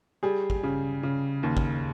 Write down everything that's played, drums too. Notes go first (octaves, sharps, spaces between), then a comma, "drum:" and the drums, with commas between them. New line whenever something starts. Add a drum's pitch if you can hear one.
G3 G#4
drum: kick
C#3
C#3
D#2
drum: kick